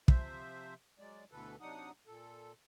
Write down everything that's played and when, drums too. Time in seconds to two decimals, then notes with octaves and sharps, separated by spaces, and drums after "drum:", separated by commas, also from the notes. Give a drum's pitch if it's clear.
0.08 C3 F3 C5 E5, drum: kick
0.99 F#3 G#3 D5
1.31 D2 B2 D3 E3 A4 B4
1.61 C3 F#3 D4 D#4 F#5 D#6
2.07 A#2 A4